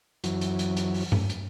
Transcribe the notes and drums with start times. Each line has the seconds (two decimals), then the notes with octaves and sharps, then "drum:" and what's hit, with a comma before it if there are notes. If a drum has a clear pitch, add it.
0.24 F#2 E3 F#3, drum: hi-hat
0.41 drum: hi-hat
0.59 drum: hi-hat
0.77 drum: hi-hat
0.94 drum: open hi-hat
1.12 drum: tom G2
1.30 drum: hi-hat